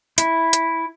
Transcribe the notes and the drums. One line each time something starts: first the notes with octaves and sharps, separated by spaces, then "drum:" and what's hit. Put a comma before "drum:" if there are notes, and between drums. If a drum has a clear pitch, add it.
E4, drum: hi-hat
drum: hi-hat